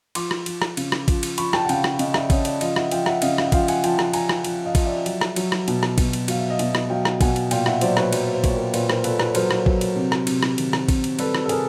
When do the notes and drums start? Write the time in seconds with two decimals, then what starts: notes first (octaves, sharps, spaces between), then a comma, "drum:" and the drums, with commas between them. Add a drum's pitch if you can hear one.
0.15 F3 C6 D6, drum: cymbal
0.31 drum: rim click
0.46 F3, drum: cymbal
0.62 drum: rim click
0.77 C#3, drum: cymbal
0.92 drum: rim click
1.08 F3, drum: kick A1, cymbal
1.23 drum: cymbal
1.38 F3 B5 C#6, drum: cymbal
1.53 G5 A5, drum: rim click
1.65 F#5
1.69 C#3 F5 G5, drum: cymbal
1.84 drum: rim click
1.99 C#3 D#5 F5, drum: cymbal
2.14 D5 E5, drum: rim click
2.30 C#3 C#5 D#5, drum: kick A1, cymbal
2.45 D5 E5, drum: cymbal
2.61 F3 D#5 F5, drum: cymbal
2.76 E5 F#5, drum: rim click
2.91 F3 F5 G5, drum: cymbal
3.06 E5 F#5, drum: rim click
3.22 C#3 D#5 F5, drum: cymbal
3.38 F5, drum: rim click
3.45 F#5
3.52 F3 F5 G5, drum: kick A1, cymbal
3.68 F#5 G#5, drum: cymbal
3.84 F3 G5 A5, drum: cymbal
3.99 drum: rim click
4.14 F3 G#5 A#5, drum: cymbal
4.29 drum: rim click
4.44 F3, drum: cymbal
4.65 D#5 F5
4.75 F3, drum: kick A1, cymbal
4.85 D5 E5
5.06 F#3, drum: cymbal
5.21 drum: rim click
5.36 F#3, drum: cymbal
5.52 drum: rim click
5.68 B2, drum: cymbal
5.83 drum: rim click
5.98 B2, drum: kick A1, cymbal
6.13 drum: cymbal
6.28 F#3 F5, drum: cymbal
6.39 E5
6.49 D#5 F5
6.59 B2, drum: cymbal
6.75 drum: rim click
6.90 F#3 F5 G5
7.05 drum: rim click
7.21 B2 F#5 G#5, drum: kick A1, cymbal
7.36 drum: cymbal
7.51 A#2 F5 G5, drum: cymbal
7.66 E5 F#5, drum: rim click
7.81 F#3 C5 D5, drum: cymbal
7.97 B4 C#5, drum: rim click
8.13 F#3 C5, drum: cymbal
8.24 C#5
8.34 C5
8.44 A#2 C#5, drum: kick A1, cymbal
8.55 A#4 C5
8.74 A#2 B4 C#5, drum: cymbal
8.90 A#4 C5, drum: rim click
9.04 A#2 A4 B4, drum: cymbal
9.20 A4 B4, drum: rim click
9.29 C#5
9.35 F#3 A#4 C5, drum: cymbal
9.51 drum: rim click
9.66 F#3, drum: kick A1
9.81 drum: cymbal
9.96 C3
10.12 drum: rim click
10.27 C3, drum: cymbal
10.43 drum: rim click
10.58 D#3, drum: cymbal
10.73 drum: rim click
10.89 C3, drum: kick A1, cymbal
11.04 drum: cymbal
11.19 G3 A4 B4, drum: cymbal
11.35 drum: rim click
11.46 A4
11.49 C3 G#4 A#4, drum: cymbal